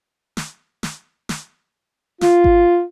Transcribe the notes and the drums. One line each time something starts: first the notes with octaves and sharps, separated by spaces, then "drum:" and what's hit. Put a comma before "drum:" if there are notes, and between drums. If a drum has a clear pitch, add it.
drum: snare
drum: snare
drum: snare
F4, drum: snare
drum: kick G#1